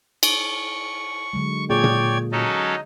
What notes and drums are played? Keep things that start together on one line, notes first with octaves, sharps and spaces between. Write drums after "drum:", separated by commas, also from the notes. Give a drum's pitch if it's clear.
C#6, drum: cymbal
D3 F#3 G#3
A#2 G#4 C#5 D5 G5 G#6
drum: tom A#2
F#3 C#4 D#4 A4 D#5